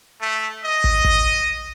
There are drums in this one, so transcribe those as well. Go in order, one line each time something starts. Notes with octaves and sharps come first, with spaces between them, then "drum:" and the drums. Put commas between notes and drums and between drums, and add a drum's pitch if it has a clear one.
A3
D#5
drum: kick
drum: kick